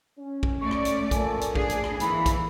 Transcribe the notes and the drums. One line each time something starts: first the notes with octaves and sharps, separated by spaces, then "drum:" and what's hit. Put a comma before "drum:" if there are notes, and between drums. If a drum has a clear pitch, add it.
C#4
drum: kick A#1
A3 D5 C#6
drum: rim click
drum: hi-hat
F3 A#3 A4 G#5, drum: kick A#1, hi-hat
drum: hi-hat
D4 G#4, drum: kick A#1
drum: hi-hat
drum: rim click
G#1 E3 A#3 B5, drum: hi-hat
drum: kick A#1, hi-hat